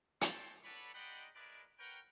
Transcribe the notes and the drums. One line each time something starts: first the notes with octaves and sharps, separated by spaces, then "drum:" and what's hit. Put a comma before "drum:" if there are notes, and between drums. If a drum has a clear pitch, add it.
A3 C4 C5 C#5 G5 A5, drum: hi-hat
A4 B4 C#5 D5 F#5 B5
G#3 D#4 D5 F#5 G5 B5
G#3 E4 A#4 B4 D5
A#4 B4 C#5 F#5 G5